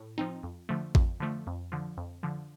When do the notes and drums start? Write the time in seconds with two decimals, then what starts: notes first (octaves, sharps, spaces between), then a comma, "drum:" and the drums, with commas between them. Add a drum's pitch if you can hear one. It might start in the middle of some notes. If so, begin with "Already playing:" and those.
Already playing: A2
0.18 F3 C4 D#4
0.43 F2
0.69 D3 F3 A3
0.95 F2, drum: kick A1
1.20 D3 F3 A3
1.47 F2
1.72 D3 F3
1.98 F2
2.23 D3 F3